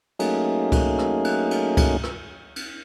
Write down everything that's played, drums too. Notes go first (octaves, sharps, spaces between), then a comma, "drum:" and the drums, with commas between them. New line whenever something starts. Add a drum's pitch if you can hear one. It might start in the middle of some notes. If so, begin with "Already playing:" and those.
F#3 A3 A#3 C#4 D#4 G#4, drum: cymbal
drum: kick C#2, cymbal
drum: rim click
drum: cymbal
drum: cymbal
drum: kick C#2, cymbal
drum: rim click
drum: cymbal